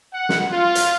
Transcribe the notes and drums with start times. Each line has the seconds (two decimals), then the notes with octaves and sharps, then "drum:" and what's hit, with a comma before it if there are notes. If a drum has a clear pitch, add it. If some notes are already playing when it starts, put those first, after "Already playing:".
0.14 F#5
0.29 drum: snare
0.51 F4
0.75 drum: hi-hat